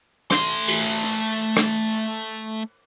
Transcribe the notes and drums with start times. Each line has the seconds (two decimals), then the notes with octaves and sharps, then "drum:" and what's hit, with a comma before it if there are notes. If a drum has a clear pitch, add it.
0.31 A3 C6, drum: rim click
0.68 drum: cymbal
1.04 drum: hi-hat
1.57 drum: rim click